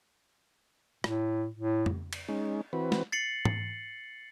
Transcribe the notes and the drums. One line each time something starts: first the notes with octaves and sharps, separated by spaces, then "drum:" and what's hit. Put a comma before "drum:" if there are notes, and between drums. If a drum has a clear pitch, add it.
A2, drum: rim click
A2
drum: tom F2
drum: cymbal
G#3 C#4 D#4
E3 C4 F#4 B4
drum: snare
A6 C7 C#7 F#7
drum: tom G#2